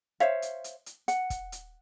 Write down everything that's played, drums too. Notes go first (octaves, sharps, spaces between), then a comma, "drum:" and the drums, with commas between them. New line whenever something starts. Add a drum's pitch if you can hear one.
C5 C#5 E5 F5, drum: rim click
drum: hi-hat
drum: hi-hat
drum: hi-hat
F#5, drum: hi-hat
drum: kick, hi-hat
drum: hi-hat